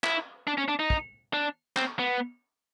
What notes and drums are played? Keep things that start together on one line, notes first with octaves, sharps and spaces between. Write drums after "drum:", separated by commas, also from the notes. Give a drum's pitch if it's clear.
E4, drum: clap
D4
C#4
D4
D#4
drum: kick
D4
C4, drum: clap
B3